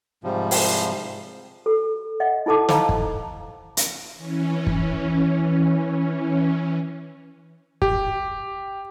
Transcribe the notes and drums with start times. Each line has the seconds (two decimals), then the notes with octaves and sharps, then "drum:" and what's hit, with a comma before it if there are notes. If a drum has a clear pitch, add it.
0.24 G#2 C3 F3 G3
0.51 drum: open hi-hat
1.66 A4
2.20 D#5 E5 F#5
2.46 D#4 E4 A4 A5 D6
2.69 C5 D#5 F5 A5 A#5, drum: snare
2.89 drum: kick
3.77 drum: hi-hat
4.18 E3 C#4
4.67 drum: kick
7.82 G4, drum: kick